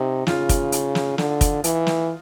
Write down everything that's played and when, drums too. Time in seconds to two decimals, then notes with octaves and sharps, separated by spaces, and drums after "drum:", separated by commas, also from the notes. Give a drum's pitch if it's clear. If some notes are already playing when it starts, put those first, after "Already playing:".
Already playing: C3 D#4
0.27 C#3 F4, drum: snare
0.49 drum: kick, hi-hat
0.72 drum: hi-hat
0.95 drum: snare
1.18 D3, drum: snare
1.41 drum: kick, hi-hat
1.64 E3, drum: hi-hat
1.87 drum: snare